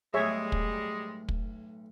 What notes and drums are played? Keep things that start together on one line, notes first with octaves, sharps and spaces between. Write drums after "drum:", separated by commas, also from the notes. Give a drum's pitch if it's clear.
B1 A2 G3 G#3 G#4 C#5 E5
drum: kick
drum: kick